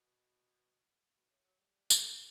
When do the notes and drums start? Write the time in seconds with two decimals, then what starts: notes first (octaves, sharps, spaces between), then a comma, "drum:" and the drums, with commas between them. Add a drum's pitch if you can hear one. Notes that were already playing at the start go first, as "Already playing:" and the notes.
Already playing: B2
1.16 B2
1.31 A2
1.44 F#3
1.58 G3
1.90 drum: tambourine